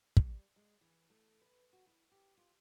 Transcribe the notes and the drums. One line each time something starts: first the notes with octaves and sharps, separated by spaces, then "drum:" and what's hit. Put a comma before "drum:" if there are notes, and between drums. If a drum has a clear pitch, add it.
G3, drum: kick
G#3
E3
A3
B4
F#4
E4
G4
F4